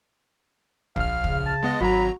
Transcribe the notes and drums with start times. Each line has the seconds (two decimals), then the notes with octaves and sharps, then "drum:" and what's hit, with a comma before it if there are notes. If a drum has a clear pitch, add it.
0.96 A#1 F5 F6, drum: kick
1.24 C#3, drum: kick
1.46 A5
1.63 G#3 B3 D#5
1.81 G#1 F#3 F#4 A#5 B5